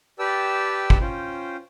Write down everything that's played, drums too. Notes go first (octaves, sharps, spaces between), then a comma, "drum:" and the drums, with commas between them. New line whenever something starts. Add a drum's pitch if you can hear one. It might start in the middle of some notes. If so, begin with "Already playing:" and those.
G4 B4 D5 G5 A5 E6
drum: kick
C#4 F4 C5 G5